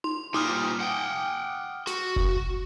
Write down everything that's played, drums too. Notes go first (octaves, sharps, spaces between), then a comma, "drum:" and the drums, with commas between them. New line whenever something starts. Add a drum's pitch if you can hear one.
C6, drum: tom D#4
A#2 G3 D6 D#6 F6, drum: tom D#4
F#5 G5
F#4, drum: snare
drum: kick F1